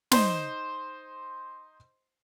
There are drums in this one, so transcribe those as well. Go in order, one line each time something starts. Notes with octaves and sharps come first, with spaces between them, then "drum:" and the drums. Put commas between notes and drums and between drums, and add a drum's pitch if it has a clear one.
D#4 C5 C6, drum: snare